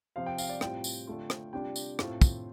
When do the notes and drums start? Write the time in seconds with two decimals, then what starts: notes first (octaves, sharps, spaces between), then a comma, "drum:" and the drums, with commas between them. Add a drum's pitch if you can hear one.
0.16 C3 F3 C4 F5
0.26 G5
0.38 F5, drum: tambourine
0.49 D5
0.61 A2 G3 C4 F4 G5, drum: rim click
0.84 drum: tambourine
1.07 D3 A3 F4
1.30 drum: rim click
1.53 C3 G3 D4 F4 G5
1.76 drum: tambourine
1.99 A2 A3 C4 F4, drum: rim click
2.22 drum: kick, tambourine